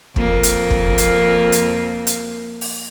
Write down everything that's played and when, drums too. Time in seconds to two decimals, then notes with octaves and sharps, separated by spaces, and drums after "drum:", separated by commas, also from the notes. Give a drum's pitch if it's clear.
0.16 F2 A#3, drum: kick
0.43 drum: hi-hat
0.70 drum: kick
0.98 drum: hi-hat
1.52 drum: hi-hat
2.07 drum: hi-hat
2.61 drum: open hi-hat